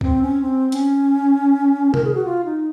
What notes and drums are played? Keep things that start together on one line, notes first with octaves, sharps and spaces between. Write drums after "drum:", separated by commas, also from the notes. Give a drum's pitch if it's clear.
C4, drum: kick C#2
C#4
C4
C#4, drum: hi-hat
A#4, drum: tom C3
G#4
F#4
F4
D#4